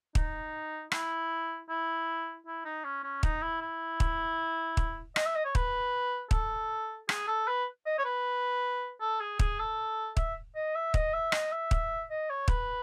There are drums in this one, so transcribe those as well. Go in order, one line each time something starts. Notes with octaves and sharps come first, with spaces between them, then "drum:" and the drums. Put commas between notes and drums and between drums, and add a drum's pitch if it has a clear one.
D#4, drum: kick
E4, drum: rim click
E4
E4
D#4
C#4
C#4
D#4, drum: kick
E4
E4
drum: kick
drum: kick
D#5, drum: rim click
E5
D#5
C#5
B4, drum: kick
A4, drum: kick
G#4, drum: rim click
A4
B4
D#5
C#5
B4
A4
G#4
G#4, drum: kick
A4
E5, drum: kick
D#5
E5
D#5, drum: kick
E5
D#5, drum: rim click
E5
drum: kick
D#5
C#5
B4, drum: kick